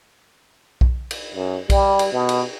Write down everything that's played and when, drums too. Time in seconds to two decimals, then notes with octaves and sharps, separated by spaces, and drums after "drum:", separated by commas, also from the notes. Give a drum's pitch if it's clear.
0.81 drum: kick B1
1.11 drum: cymbal
1.34 F#2
1.70 G3, drum: kick B1, cymbal
1.99 drum: cymbal
2.13 B2
2.29 drum: cymbal